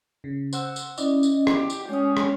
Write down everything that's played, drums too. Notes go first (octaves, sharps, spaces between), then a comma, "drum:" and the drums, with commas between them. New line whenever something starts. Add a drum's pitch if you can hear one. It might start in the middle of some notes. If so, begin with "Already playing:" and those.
C#3
C5 F#5 E6, drum: tambourine
drum: tambourine
C#4 E4 D5 D#5, drum: tambourine
drum: tambourine
G4, drum: rim click
drum: tambourine
G#3 C#4 G5 D#6
drum: rim click